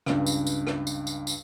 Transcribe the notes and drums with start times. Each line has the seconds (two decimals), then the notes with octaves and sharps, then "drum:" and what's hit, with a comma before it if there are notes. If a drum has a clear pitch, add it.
0.06 C#2 G2, drum: rim click
0.26 drum: tambourine
0.47 drum: tambourine
0.67 drum: rim click
0.87 drum: tambourine
1.07 drum: tambourine
1.27 drum: tambourine